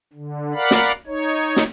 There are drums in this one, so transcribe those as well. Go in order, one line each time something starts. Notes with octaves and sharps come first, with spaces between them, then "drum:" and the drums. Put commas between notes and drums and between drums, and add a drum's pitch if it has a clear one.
D3
A#4 D5 F5 F#5 B5
drum: snare
D#4 C#5
drum: snare